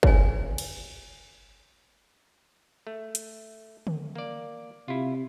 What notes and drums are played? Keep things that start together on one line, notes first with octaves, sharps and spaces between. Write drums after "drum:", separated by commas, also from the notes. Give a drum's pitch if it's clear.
B4 C#5 G#5, drum: kick
drum: cymbal
A3
drum: hi-hat
drum: tom D3
A#3 D5
C3 E4 F4